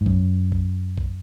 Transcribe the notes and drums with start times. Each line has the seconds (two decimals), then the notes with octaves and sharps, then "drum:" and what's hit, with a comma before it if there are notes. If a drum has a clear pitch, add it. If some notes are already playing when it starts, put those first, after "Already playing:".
0.01 G#2
0.06 F#2, drum: kick A#1
0.52 drum: kick A#1
0.98 drum: kick A#1